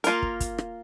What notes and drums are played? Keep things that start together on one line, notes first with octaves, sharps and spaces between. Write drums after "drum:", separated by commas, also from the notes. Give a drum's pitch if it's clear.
A#3 F4 A#4, drum: hi-hat
drum: kick
drum: kick, hi-hat
drum: rim click